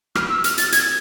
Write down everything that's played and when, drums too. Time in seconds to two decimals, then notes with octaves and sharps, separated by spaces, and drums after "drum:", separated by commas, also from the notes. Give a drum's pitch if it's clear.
0.15 F6, drum: rim click
0.29 E6
0.44 F6, drum: hi-hat
0.58 A6, drum: hi-hat
0.72 G#6, drum: hi-hat